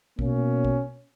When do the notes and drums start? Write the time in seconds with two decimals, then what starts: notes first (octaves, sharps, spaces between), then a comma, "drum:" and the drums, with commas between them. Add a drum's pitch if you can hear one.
0.19 B2 A#3 C#4, drum: kick
0.65 drum: kick